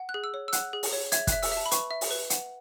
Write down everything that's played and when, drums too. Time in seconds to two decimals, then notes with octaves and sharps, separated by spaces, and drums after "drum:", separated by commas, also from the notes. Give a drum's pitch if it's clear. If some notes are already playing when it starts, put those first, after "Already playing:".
Already playing: F#5
0.09 F#6
0.14 G#4
0.24 E6
0.34 C#5
0.48 E6
0.53 F#5 F#6, drum: hi-hat
0.73 G#4
0.83 drum: open hi-hat
0.93 C#5
1.12 E5 G#6, drum: hi-hat
1.27 F#6, drum: kick, hi-hat
1.32 E5
1.43 E6, drum: open hi-hat
1.52 E5
1.57 A5
1.66 B5
1.71 B4 C#6, drum: hi-hat
1.91 E5
2.01 drum: open hi-hat
2.11 B4
2.30 F#5, drum: hi-hat